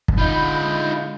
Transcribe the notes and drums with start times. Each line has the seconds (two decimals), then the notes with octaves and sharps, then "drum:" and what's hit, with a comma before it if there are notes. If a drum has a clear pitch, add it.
0.08 drum: kick
0.18 D3 G#3 D#4 F4 D#5 B5 G6